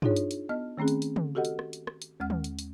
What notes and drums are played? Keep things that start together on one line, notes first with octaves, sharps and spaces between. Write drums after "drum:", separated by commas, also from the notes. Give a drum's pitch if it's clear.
D4 D#4 F4 G#4 C#5, drum: tom
drum: hi-hat
drum: hi-hat
B3 D#5 F6
D#3 A3 C4 C#4 G#4
drum: hi-hat
drum: hi-hat
drum: tom
F#4 G4 A4 D#5 F#5
drum: hi-hat
drum: rim click
drum: hi-hat
drum: rim click
drum: hi-hat
D#2 G#3 F#5 F6
drum: tom
drum: hi-hat
drum: hi-hat